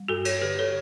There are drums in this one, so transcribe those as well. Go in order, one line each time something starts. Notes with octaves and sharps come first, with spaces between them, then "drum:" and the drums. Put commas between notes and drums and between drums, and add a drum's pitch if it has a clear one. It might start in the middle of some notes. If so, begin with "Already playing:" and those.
Already playing: G3
G2 F#4 A4
A4 C#5, drum: cymbal
D3 G4 B4
A4 C#5